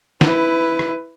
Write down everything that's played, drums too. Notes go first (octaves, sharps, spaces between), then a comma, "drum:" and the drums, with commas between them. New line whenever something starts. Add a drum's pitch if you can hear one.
E4 B4, drum: snare
drum: rim click